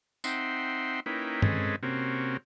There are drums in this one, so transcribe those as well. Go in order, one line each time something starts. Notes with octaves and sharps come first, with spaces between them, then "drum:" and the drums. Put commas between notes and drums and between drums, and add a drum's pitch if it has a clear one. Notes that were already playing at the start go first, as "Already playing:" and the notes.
C4 D#4 E5 F#5 G5 C6, drum: tambourine
A#3 C#4 D#4 E4 B4 G5
G#3 C4 C#4 A4 B4 D#5, drum: tom G2
C3 A#3 C4 C#4 F#4